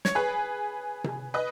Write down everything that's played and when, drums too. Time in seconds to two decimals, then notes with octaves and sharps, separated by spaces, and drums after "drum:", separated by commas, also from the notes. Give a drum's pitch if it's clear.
0.05 C#5, drum: snare
0.15 G#4 B4
1.04 drum: tom C3
1.34 B4 D#5